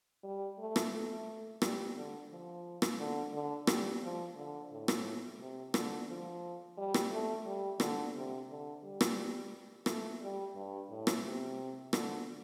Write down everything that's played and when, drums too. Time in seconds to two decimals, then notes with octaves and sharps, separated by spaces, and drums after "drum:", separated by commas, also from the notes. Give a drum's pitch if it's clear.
0.24 G3
0.59 A3
0.76 drum: rim click
0.93 A3
1.62 G3, drum: rim click
1.96 D3
2.30 F3
2.82 drum: rim click
2.99 D3
3.33 D3
3.67 G3, drum: rim click
4.03 F3
4.36 D3
4.71 A2
4.88 drum: rim click
5.40 C3
5.74 D3, drum: rim click
6.08 F3
6.78 G3
6.94 drum: rim click
7.11 A3
7.46 G3
7.80 D3, drum: rim click
8.15 C3
8.49 D3
8.83 G3
9.01 drum: rim click
9.86 A3, drum: rim click
10.21 G3
10.56 G2
10.89 A2
11.07 drum: rim click
11.24 C3
11.93 D3, drum: rim click